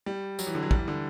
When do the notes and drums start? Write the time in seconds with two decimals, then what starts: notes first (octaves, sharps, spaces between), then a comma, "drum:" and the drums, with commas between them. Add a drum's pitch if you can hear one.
0.06 G3
0.39 F#3, drum: tambourine
0.47 E3
0.55 D3
0.63 F#3
0.71 G3, drum: kick
0.79 E3
0.88 D3